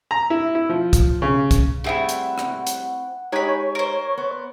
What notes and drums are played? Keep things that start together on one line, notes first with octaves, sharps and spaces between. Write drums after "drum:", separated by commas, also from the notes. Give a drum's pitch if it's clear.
A#5
E4
E4
F3
drum: kick, hi-hat
C#3
drum: kick, hi-hat
G3 A3 C4 E4 G#4 E5 F#5
drum: hi-hat
drum: rim click
drum: hi-hat
G#3 D#4 G4 C#5 G#5 B5
A#4 C5
B3